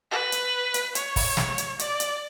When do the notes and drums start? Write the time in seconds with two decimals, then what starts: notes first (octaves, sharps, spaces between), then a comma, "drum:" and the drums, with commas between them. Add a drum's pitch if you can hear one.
0.11 B4
0.32 drum: hi-hat
0.74 drum: hi-hat
0.95 C#5, drum: hi-hat
1.16 drum: kick, open hi-hat
1.37 drum: snare
1.58 drum: hi-hat
1.79 D5, drum: hi-hat
2.00 drum: hi-hat